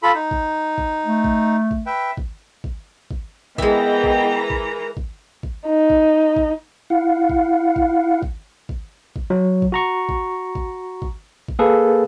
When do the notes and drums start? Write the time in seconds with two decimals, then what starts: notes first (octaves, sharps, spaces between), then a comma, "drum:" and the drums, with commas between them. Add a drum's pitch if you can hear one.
0.03 F4 A4 B5
0.15 D#4
0.31 drum: kick
0.78 drum: kick
1.06 A3
1.24 drum: kick
1.71 drum: kick
1.86 B4 E5 G5
2.17 drum: kick
2.64 drum: kick
3.11 drum: kick
3.58 E3 G#3 B3 A#4 D#5 E5 G5 A#5, drum: kick
4.04 drum: kick
4.50 drum: kick
4.97 drum: kick
5.43 drum: kick
5.67 D#4
5.90 drum: kick
6.36 drum: kick
6.90 E4 F5 F#5
7.29 drum: kick
7.76 drum: kick
8.23 drum: kick
8.69 drum: kick
9.16 drum: kick
9.30 F#3
9.62 drum: kick
9.72 F#4 A#5 C#6
10.09 drum: kick
10.55 drum: kick
11.02 drum: kick
11.48 drum: kick
11.59 A#3 G#4 A4 B4